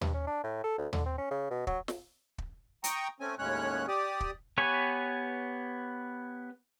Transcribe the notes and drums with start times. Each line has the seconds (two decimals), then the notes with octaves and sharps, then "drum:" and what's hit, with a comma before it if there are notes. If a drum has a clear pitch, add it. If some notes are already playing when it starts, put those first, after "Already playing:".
0.01 G2, drum: tom D#2
0.14 C#4
0.27 D4
0.44 A2
0.64 A4
0.78 D2
0.93 D3, drum: tom D#2
1.06 C4
1.18 C#4
1.31 C#3
1.50 B2
1.67 F#3, drum: kick
1.88 drum: snare
2.38 drum: kick
2.84 G5 A#5 C#6 D#6, drum: hi-hat
3.20 A3 C4 C#4 G#5
3.39 D#2 A2 G#3 C#4 C#5 F#6
3.88 G4 D5 D#6
4.20 drum: kick
4.58 B3 G4 B4 C#5 G#5